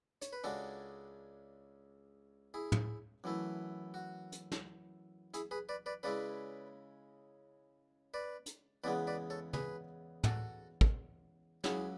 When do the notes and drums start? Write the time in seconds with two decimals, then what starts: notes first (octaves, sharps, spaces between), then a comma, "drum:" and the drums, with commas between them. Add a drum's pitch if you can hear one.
0.22 C#5, drum: hi-hat
0.33 B4
0.44 C#2 C#3 G#3 D4 F#4 A4
2.54 E4 G#4
2.72 drum: tom
3.24 F#2 E3 A3 E4
3.94 F#4
4.32 drum: hi-hat
4.52 drum: snare
5.34 E4 G#4, drum: hi-hat
5.51 G#4 B4
5.69 B4 D5
5.86 B4 D5
6.03 C#3 G#3 C#4 E4 B4 D5
8.14 B4 D5
8.46 drum: hi-hat
8.84 E2 C#3 G#3 B3 B4 D5
9.07 B4 D5
9.30 A4 C#5
9.53 G#4 B4, drum: tom
10.24 F#4 A4, drum: tom
10.81 drum: kick
11.64 C#2 C#3 F#3 C#4 E4 G#4, drum: snare